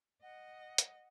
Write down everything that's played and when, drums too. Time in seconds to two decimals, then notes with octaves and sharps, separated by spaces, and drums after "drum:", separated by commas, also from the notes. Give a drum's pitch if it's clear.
0.23 D#5 F#5
0.78 drum: hi-hat